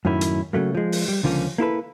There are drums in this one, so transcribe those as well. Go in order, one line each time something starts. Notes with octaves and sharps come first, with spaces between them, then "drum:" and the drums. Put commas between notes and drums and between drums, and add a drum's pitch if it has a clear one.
F#2 A2 D#3 C#4 E4
drum: hi-hat
C#3 F#3 A3 A#3
F3 G#3
drum: open hi-hat
G3
C#2 D3 F3 A#3 C#4
A#3 E4 A4 B4